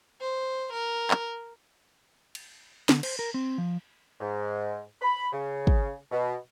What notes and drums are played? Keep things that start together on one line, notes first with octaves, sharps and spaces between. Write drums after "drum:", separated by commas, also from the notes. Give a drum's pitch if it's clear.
C5
A#4
drum: clap
drum: cymbal
D3, drum: snare
C5, drum: cymbal
A#4
C4
F3
G#2
B5
C#3
drum: kick
B2